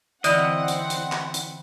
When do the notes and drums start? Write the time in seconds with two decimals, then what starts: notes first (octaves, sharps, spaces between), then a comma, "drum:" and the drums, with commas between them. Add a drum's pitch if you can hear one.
0.24 D3 E3 C4 E4 D5 D#5 F#5, drum: hi-hat
0.68 drum: hi-hat
0.90 drum: hi-hat
1.12 drum: clap
1.34 drum: hi-hat